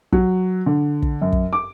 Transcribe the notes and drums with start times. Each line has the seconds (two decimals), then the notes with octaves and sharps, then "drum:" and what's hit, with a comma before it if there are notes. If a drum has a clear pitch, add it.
0.12 F#3, drum: kick
0.66 D3
1.02 drum: kick
1.22 F#2
1.32 drum: kick
1.53 D6